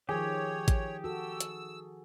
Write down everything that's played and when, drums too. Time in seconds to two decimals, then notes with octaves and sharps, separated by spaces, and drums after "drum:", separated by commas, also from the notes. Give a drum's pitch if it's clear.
0.09 D#3 F3 G4 G#4 C#5
0.68 drum: kick A1, hi-hat
1.04 F#4 A4 E6
1.41 drum: hi-hat